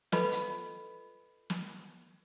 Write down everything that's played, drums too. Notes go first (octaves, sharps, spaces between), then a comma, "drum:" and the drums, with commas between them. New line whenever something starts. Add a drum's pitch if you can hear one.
F4 A4 B4 D#5 B5, drum: snare
drum: hi-hat
drum: snare